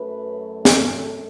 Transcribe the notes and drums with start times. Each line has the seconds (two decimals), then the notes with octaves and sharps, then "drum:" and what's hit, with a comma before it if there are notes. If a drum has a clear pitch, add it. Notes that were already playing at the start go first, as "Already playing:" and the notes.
Already playing: F#2 F#3 A3 B4
0.65 A4, drum: snare